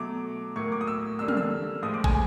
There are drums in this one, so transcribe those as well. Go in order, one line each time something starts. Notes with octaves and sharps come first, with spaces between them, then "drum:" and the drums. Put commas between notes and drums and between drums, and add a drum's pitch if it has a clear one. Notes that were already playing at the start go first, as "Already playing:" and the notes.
Already playing: B2 F#3 A3 D6
A2 F#3 A#3 C#6
D6
D#6
E6
D3 G3 A#3 E6
F6, drum: tom
E6
A2 F3 G#3 D#6
D6
G#5, drum: kick